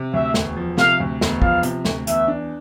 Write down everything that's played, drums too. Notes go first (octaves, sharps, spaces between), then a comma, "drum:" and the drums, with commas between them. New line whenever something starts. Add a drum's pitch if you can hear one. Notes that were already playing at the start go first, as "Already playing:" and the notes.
Already playing: C3
D2 E5
E1, drum: snare
F3
C3 F5, drum: snare
D2
E1, drum: snare
F3 F5, drum: kick
C3, drum: hi-hat
D2, drum: snare
E2 E5, drum: hi-hat
D4